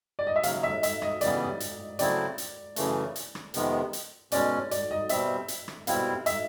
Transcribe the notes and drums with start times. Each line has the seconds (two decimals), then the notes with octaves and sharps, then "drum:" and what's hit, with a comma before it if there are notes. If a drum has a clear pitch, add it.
0.19 D5
0.27 D#5
0.36 E5
0.43 D#2 C#3 F#3 F5, drum: hi-hat
0.63 E5
0.83 E5, drum: hi-hat
1.02 D#5, drum: rim click
1.21 C#3 E3 G3 B3 D5, drum: hi-hat
1.60 drum: hi-hat
1.99 C#3 F#3 A3 C4 E4 D5, drum: hi-hat
2.38 drum: hi-hat
2.76 F#2 C#3 E3 A3, drum: hi-hat
3.16 drum: hi-hat
3.35 drum: rim click
3.54 F2 C3 D#3 G#3 B3, drum: hi-hat
3.93 drum: hi-hat
4.32 B2 G#3 C#4 D5, drum: hi-hat
4.71 D5, drum: hi-hat
4.91 D#5
5.09 B2 G3 C4 E5, drum: hi-hat
5.48 drum: hi-hat
5.68 drum: rim click
5.87 B2 G3 C4 E4 F5, drum: hi-hat
6.26 E5, drum: hi-hat